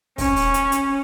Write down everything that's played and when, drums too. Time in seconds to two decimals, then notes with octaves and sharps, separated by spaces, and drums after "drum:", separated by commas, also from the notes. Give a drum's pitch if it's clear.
0.18 C#4, drum: kick, open hi-hat
0.36 drum: open hi-hat
0.54 drum: hi-hat
0.72 drum: hi-hat